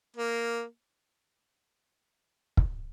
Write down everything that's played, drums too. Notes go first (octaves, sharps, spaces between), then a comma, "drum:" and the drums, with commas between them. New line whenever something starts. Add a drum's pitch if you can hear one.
A#3
drum: kick